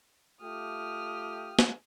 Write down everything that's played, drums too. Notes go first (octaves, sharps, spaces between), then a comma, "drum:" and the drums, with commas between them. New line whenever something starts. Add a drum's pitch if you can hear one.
A3 F4 G4 D#6 F6
drum: snare